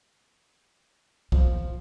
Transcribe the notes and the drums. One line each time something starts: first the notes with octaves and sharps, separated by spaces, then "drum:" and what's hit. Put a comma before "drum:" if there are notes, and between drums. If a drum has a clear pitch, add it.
F3 C4, drum: kick B1